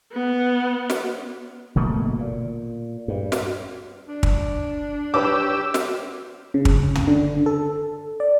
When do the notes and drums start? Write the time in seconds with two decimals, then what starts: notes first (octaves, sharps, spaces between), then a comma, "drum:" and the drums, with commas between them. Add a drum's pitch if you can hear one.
0.12 B3
0.90 drum: snare
1.75 G1 B2 A3 A#3
2.19 A#2
3.08 G2
3.32 drum: snare
4.08 D4
4.23 drum: kick
5.14 G4 B4 C#5 D6 E6
5.74 drum: snare
6.54 C#3
6.65 drum: kick
6.95 drum: tom
7.07 D3
7.46 A4
8.20 D5